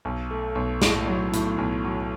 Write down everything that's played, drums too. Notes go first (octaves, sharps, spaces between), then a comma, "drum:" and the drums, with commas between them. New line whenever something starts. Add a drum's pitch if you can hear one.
B1
A3
B1
A2, drum: snare
F#3
A2, drum: hi-hat
B1
F#3